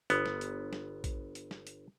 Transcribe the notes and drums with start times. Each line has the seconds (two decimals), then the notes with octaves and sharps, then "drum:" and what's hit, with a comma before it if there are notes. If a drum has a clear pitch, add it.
0.10 G1 B3, drum: hi-hat
0.26 drum: snare
0.41 drum: hi-hat
0.73 drum: snare
1.04 drum: kick A#1, hi-hat
1.35 drum: hi-hat
1.51 drum: snare
1.67 drum: hi-hat